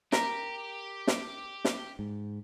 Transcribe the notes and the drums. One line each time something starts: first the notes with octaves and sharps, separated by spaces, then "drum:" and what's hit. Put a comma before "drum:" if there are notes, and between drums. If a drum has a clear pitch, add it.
G4 A#4, drum: snare
drum: snare
drum: snare
G#2